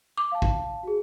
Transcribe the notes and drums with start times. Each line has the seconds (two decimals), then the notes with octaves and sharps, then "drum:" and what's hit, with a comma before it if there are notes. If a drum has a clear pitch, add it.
0.18 D6
0.32 F5 A5
0.42 drum: kick A1
0.83 F#4 G#4